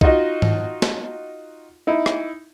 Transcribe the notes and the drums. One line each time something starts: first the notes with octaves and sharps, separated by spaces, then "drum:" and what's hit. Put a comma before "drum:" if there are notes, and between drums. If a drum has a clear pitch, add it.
D#4 F4 F#4 D#5, drum: kick
drum: tom G#2
drum: snare
D#4 E4
drum: rim click